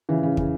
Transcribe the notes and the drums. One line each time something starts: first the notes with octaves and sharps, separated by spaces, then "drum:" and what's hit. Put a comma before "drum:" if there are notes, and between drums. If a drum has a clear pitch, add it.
C#3 E3
C#3
C#3, drum: kick